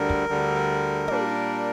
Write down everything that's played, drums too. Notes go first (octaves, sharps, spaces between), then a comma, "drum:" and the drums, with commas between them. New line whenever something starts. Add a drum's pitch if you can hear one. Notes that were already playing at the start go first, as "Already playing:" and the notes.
Already playing: D2 D3 G3 A#4
drum: kick
D2 D3 G3
A#2 G3 A#3 D4, drum: tom